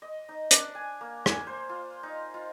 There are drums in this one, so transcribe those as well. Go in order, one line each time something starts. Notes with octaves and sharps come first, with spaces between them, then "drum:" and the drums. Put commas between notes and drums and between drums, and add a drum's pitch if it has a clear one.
D#5
D#4
D4, drum: hi-hat
G#5
A#3
G#5, drum: rim click
C5
F4
D#4
F4